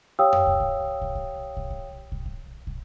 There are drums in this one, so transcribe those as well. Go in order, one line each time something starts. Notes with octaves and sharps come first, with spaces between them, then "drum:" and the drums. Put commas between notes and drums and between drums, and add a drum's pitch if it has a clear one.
G4 C#5 F5 G5 D#6 E6
drum: tom F2
drum: kick
drum: kick
drum: kick
drum: kick
drum: kick
drum: kick
drum: kick
drum: kick
drum: kick